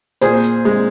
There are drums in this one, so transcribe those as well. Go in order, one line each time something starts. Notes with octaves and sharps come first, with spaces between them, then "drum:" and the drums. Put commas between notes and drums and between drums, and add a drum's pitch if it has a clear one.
A#2 G#4 C5, drum: hi-hat
drum: hi-hat
G#3, drum: open hi-hat